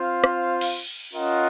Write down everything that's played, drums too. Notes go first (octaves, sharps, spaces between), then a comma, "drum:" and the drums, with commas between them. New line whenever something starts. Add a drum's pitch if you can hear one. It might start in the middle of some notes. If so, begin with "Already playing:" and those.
Already playing: C4 F4 C5 F5
drum: rim click
drum: cymbal
C#4 F4 A#4 D#5 F#5